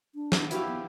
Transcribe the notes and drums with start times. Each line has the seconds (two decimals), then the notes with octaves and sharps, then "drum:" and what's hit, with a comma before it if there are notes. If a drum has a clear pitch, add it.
0.15 D4
0.32 B3, drum: snare
0.51 E4 F#4 G4 F5, drum: hi-hat
0.68 B3